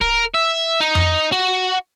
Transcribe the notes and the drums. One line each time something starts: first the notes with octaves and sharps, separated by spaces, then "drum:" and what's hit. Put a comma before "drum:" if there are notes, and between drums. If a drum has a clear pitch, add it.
A#4, drum: kick D1
E5
D#4
drum: tom F2
F#4